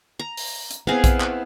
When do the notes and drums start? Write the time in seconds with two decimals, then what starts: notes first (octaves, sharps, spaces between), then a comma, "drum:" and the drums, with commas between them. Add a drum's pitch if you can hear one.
0.19 A#5
0.37 drum: open hi-hat
0.71 drum: hi-hat
0.87 B3 C4 E4 G#4 F5
1.04 drum: kick A#1, hi-hat
1.20 drum: clap